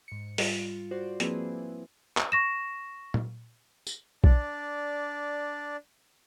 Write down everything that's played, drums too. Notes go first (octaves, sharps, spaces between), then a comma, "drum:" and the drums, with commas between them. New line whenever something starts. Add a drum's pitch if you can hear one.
G#2 C#7
G3 F4, drum: open hi-hat
F#4 C5 D5
F3 A#3 C4 E4 G#4 B4, drum: hi-hat
drum: clap
C#6 A#6 E7
drum: tom A#2
drum: tambourine
D4 D5, drum: kick A#1